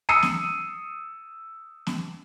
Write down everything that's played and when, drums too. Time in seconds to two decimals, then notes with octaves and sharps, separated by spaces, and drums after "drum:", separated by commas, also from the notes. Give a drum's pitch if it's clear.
0.09 D#6 E6 C7 C#7 D#7
0.23 drum: snare B3
1.87 drum: snare B3